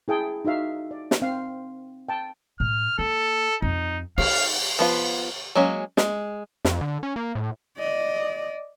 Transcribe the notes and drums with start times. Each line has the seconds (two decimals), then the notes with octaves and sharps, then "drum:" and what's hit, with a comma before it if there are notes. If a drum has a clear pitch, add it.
0.08 E4 G#4 G5 A5
0.45 D#4 F#4 E5 F5
0.91 D5
1.11 drum: snare
1.22 C4 F5
2.09 G5 A5
2.60 A2 F6
2.99 A#3 A4
3.62 F2 D#4
4.18 D#4 F5, drum: cymbal
4.79 F3 B3 F4
5.55 F#3 G#3 A#3 C#4
5.97 G#3, drum: snare
6.65 F2, drum: snare
6.81 D3
7.03 C#4
7.16 A#3
7.35 A2
7.77 D5 D#5